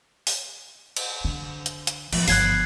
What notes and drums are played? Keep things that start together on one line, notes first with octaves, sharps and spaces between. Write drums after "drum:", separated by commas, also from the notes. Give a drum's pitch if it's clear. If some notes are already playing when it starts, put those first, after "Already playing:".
drum: open hi-hat
drum: cymbal
D3
drum: hi-hat
drum: hi-hat
A2 F3 B3, drum: cymbal
G1 F#6 G#6 C7, drum: open hi-hat